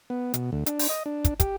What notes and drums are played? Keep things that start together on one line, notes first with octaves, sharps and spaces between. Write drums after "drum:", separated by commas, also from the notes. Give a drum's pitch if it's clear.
B3
B2, drum: hi-hat
D2
D4, drum: hi-hat
drum: open hi-hat
D#5
D4
drum: kick, hi-hat
G4, drum: kick, hi-hat